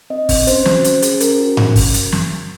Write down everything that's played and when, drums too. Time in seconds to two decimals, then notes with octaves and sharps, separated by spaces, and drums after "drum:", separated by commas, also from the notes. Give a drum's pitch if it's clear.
0.10 C4 D#5
0.29 C4, drum: kick, open hi-hat
0.47 C#4 C5, drum: hi-hat
0.65 F#4, drum: snare
0.84 C#4, drum: hi-hat
1.02 G#4, drum: hi-hat
1.20 C#4 A#4, drum: hi-hat
1.39 F#4
1.57 C#4, drum: tom G2
1.76 drum: kick, open hi-hat
1.94 drum: hi-hat
2.12 drum: snare